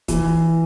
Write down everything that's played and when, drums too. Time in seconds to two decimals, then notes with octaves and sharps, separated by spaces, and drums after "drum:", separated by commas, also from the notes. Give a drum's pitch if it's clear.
0.08 E3, drum: kick D#1, hi-hat